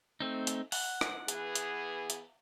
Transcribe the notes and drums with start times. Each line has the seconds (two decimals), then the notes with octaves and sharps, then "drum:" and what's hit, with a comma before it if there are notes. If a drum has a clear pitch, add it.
0.20 A3 C4 D#4
0.47 drum: hi-hat
0.72 F#5, drum: open hi-hat
1.01 drum: rim click
1.28 E3 B3 G#4, drum: hi-hat
1.55 drum: hi-hat
2.10 drum: hi-hat